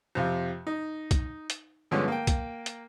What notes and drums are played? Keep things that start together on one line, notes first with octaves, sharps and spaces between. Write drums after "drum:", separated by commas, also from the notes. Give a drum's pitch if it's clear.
F2 C3 F4
D#4
drum: kick, hi-hat
drum: hi-hat
G2 D3 F3 G#3 B3 C#4
A#3 G5
drum: kick, hi-hat
drum: hi-hat